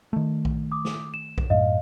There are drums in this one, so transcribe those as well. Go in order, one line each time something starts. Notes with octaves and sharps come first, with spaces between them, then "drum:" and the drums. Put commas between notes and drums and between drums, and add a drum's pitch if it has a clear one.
D#3 A3
drum: kick B1
D6 D#6
drum: snare
E7
drum: kick B1
F#2 A2 D#5 F5